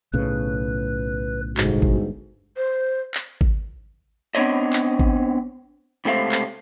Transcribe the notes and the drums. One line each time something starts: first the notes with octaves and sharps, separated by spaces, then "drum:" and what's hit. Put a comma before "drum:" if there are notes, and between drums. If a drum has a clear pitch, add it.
B1 A2 C#3 B4
G1 G#2 B2, drum: clap
drum: kick G#1
C5
drum: clap
drum: kick G#1
B3 C4 D4 C#5 D#5
drum: clap
drum: kick G#1
C#2 C3 A3 C4 F5
drum: clap